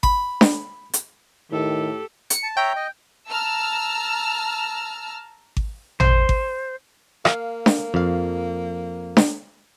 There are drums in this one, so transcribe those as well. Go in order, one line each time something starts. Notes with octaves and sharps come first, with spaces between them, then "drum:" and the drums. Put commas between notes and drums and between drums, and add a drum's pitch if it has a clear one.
B5, drum: kick G#1
drum: snare D4
drum: hi-hat
A2 D#3 G4 A4
C#7, drum: hi-hat
A5
C#5 E5 G5 A#5
D#5
A5 A#5 E6 F6
drum: kick G#1
C5, drum: tom
drum: kick G#1
A#3 F5, drum: rim click
drum: snare D4
F2 F5
drum: snare D4